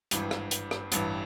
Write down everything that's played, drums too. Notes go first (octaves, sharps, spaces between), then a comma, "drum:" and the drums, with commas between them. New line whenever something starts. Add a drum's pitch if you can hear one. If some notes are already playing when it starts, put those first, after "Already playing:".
G#1 G2 E3, drum: hi-hat
drum: rim click
drum: hi-hat
drum: rim click
A1 G2 E3, drum: hi-hat